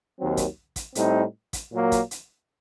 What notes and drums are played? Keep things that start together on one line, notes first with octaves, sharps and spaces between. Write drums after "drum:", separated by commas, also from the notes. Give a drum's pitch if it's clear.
D#2 D#3 F#3 C4
drum: kick, hi-hat
drum: kick, hi-hat
A2 G3 C4 D#4, drum: hi-hat
drum: kick, hi-hat
A#2 F#3 A#3
drum: kick, hi-hat
drum: hi-hat